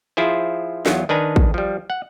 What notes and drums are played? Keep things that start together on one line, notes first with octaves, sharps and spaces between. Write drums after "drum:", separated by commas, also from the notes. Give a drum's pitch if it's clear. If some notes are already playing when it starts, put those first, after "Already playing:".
F3 E4 F4 G#4 C5
E2 F#3 F4, drum: snare
D#3 D4 B4 G#5 A#5
drum: kick A1
F3 G3
F#5